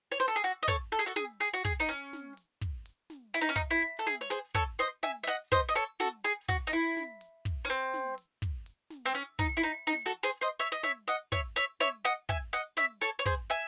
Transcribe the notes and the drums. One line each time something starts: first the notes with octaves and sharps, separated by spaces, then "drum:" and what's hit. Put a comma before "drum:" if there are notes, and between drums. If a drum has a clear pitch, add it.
C#5
C5
A4
G#4
F#4, drum: hi-hat
D#5
A4 C#5, drum: kick, hi-hat
A4, drum: hi-hat
G#4
F#4 A4
G#4, drum: snare
G#4, drum: hi-hat
F#4
G#4, drum: kick, hi-hat
D#4
C#4, drum: hi-hat
drum: snare
drum: hi-hat
drum: kick
drum: hi-hat
drum: snare
E4, drum: hi-hat
D#4
C#4
D#4, drum: kick, hi-hat
E4
drum: hi-hat
A4
G#4, drum: snare
C#5
G#4 C5, drum: hi-hat
A4 C#5, drum: kick, hi-hat
C5 D#5, drum: hi-hat
E5 G#5, drum: snare
E5
D#5 F#5, drum: hi-hat
C5 D#5, drum: kick, hi-hat
D#5
A4 C#5, drum: hi-hat
F#4 A4, drum: snare
G#4, drum: hi-hat
F#4, drum: kick, hi-hat
D#4
E4, drum: hi-hat
drum: snare
drum: hi-hat
drum: kick, hi-hat
C#4
C4, drum: hi-hat
drum: snare
drum: hi-hat
drum: kick, hi-hat
drum: hi-hat
drum: snare
C4
C#4, drum: hi-hat
D#4, drum: kick, hi-hat
E4
D#4, drum: hi-hat
D#4, drum: snare
F#4 A4
G#4 C5
C5 D#5
C#5 E5, drum: hi-hat
D#5
C#5 E5, drum: snare
D#5 F#5, drum: hi-hat
C#5 E5, drum: kick, hi-hat
C#5 E5
C#5 E5, drum: snare
D#5 F#5, drum: hi-hat
E5 G#5, drum: kick, hi-hat
D#5 F#5, drum: hi-hat
C#5 E5, drum: snare
A4 C#5, drum: hi-hat
C#5
G#4 C5, drum: kick, hi-hat
E5 G#5, drum: hi-hat